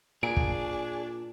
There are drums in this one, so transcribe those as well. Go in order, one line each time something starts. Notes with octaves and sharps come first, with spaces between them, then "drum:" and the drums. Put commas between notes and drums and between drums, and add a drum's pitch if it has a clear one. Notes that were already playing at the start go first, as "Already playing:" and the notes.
A#2 D4 G#4 D7
drum: kick